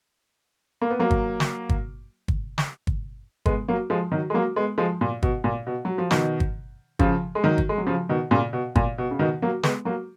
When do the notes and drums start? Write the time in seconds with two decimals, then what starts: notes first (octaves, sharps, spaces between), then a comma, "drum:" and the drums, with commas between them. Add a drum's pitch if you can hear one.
0.81 A#3
0.90 B3
0.99 F#3 A#3
1.11 drum: kick G1
1.40 drum: snare
1.69 drum: kick G1
2.28 drum: kick G1
2.58 drum: snare
2.87 drum: kick G1
3.46 G#3 B3, drum: kick G1
3.68 F#3 A#3
3.90 F3 G#3
4.12 D#3 F#3
4.30 G#3
4.34 F#3 A#3
4.56 G#3 B3
4.78 F3 G#3
5.01 A#2
5.23 B2, drum: kick G1
5.44 A#2
5.67 B2
5.85 F#3
5.98 F3
6.11 B2 D#3, drum: snare
6.40 drum: kick G1
6.99 C#3 F3, drum: kick G1
7.35 G#3
7.43 D#3 F#3
7.58 drum: kick G1
7.69 G#3
7.78 F#3
7.87 C#3 F3
8.09 B2 D#3
8.31 A#2 C#3
8.53 B2
8.76 A#2, drum: kick G1
8.98 B2
9.11 C#3
9.19 B2 D#3
9.42 F#3 A#3
9.63 G#3 B3, drum: snare
9.85 F#3 A#3